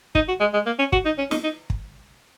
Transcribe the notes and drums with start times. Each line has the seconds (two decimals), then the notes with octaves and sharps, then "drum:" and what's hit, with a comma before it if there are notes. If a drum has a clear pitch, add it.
0.15 D#4, drum: kick
0.28 F#4
0.40 G#3
0.54 G#3
0.66 A#3
0.79 C#4
0.92 F#4, drum: kick
1.05 D#4
1.18 C#4
1.31 D#4, drum: snare
1.44 D#4
1.70 drum: kick